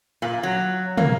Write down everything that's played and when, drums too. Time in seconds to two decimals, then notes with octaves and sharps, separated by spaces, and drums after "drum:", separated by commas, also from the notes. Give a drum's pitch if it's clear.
0.22 A#2
0.43 F#3
0.97 A#3, drum: tom